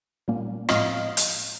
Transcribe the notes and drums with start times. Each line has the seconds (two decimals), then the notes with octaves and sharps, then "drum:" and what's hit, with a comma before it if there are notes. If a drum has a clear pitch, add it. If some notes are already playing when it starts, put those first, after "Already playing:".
0.28 A#2 G3 A#3 C#4
0.69 A2 F3 G#3 C4 F4 D#5 F5, drum: rim click
1.17 drum: hi-hat